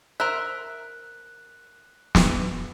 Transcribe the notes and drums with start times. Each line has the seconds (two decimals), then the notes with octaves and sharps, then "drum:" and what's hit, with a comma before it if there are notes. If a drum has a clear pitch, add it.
0.20 A#4 C5 E5 F#6
2.15 drum: snare